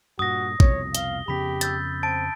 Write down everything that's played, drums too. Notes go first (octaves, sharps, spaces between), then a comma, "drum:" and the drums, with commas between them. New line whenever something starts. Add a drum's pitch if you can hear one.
G2 A#2 F#4 D#6 A#6
C2 F2 B2 C#5, drum: kick
F5 G7, drum: hi-hat
F2 C#3 B3 G4 B5 B6
E6 G6 A6, drum: hi-hat
C4 A5 A6 D7